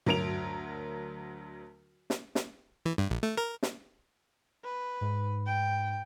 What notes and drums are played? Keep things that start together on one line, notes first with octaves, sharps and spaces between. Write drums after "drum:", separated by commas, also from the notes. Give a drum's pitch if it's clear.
D2 F#3 A#4 D7 F7, drum: tom G2
drum: snare
drum: snare
E3
G2
A#1
A3
A#4
drum: snare
B4
G#2
G5